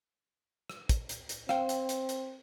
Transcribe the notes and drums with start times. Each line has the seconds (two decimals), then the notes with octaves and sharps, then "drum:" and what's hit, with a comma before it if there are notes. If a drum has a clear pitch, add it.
0.69 drum: rim click
0.89 drum: kick, hi-hat
1.09 drum: hi-hat
1.29 drum: hi-hat
1.49 C4 F5 G5, drum: rim click
1.69 drum: hi-hat
1.89 drum: hi-hat
2.09 drum: hi-hat